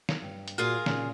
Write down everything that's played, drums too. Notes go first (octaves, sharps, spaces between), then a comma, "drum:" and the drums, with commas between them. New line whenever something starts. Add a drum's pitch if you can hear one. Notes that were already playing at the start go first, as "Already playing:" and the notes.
drum: snare
G2
drum: hi-hat
A#2 F4 F#4 G#4 A#4
A#2 C#3, drum: snare